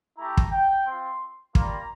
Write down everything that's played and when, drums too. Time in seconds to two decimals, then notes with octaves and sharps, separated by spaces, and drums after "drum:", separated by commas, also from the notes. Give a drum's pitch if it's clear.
0.17 A3 E4 G4 A#5
0.37 drum: kick
0.51 G5
0.86 C4 F4 C6
1.55 G3 A#3 F4 A#5, drum: kick